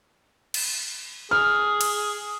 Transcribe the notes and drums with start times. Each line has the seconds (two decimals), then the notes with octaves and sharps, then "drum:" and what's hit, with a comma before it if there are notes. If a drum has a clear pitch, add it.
0.54 drum: cymbal
1.31 G#4 F6
1.81 drum: cymbal